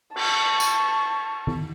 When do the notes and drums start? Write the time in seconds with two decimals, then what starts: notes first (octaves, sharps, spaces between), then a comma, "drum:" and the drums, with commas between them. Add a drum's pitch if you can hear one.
0.16 A5 C#6, drum: cymbal
0.60 drum: tambourine
1.47 drum: tom D#3